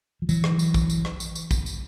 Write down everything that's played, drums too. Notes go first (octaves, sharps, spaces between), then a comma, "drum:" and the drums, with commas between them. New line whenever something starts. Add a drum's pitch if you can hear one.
F3
E3 F#3, drum: tambourine
drum: rim click
drum: tambourine
drum: kick A#1, tambourine
drum: tambourine
drum: rim click
drum: tambourine
drum: tambourine
drum: kick A#1, tambourine
drum: tambourine